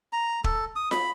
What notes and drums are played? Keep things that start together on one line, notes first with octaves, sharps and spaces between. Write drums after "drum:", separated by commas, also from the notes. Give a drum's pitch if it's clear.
A#5
A4, drum: kick
D#6
B5, drum: snare F4